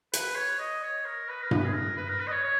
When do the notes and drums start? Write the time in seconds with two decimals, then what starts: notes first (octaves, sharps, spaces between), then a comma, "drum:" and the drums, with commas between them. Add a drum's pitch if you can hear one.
0.13 B4, drum: hi-hat
0.35 C#5
0.59 D#5
0.82 C#5
1.05 A#4
1.28 B4
1.42 A#4
1.51 B4, drum: tom G2
1.64 G#4
1.73 A#4
1.97 B4
2.08 A#4
2.20 B4
2.27 D#5
2.31 C#5
2.43 C#5